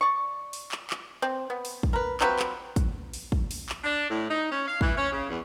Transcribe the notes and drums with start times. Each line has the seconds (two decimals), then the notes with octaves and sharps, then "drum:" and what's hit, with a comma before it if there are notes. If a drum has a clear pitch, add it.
0.01 D5 C#6
0.53 drum: open hi-hat
0.72 drum: clap
0.90 drum: clap
1.22 C4
1.50 B3
1.65 drum: open hi-hat
1.83 drum: kick
1.93 A#4 B4
2.21 F#3 C4 F4 B4, drum: clap
2.39 drum: clap
2.76 drum: kick, hi-hat
3.14 drum: open hi-hat
3.32 drum: kick
3.51 drum: open hi-hat
3.69 drum: clap
3.84 D4
4.08 A2
4.28 D#4
4.51 C#4
4.66 F5
4.81 E3, drum: kick
4.96 C#4
5.12 C#3
5.30 E2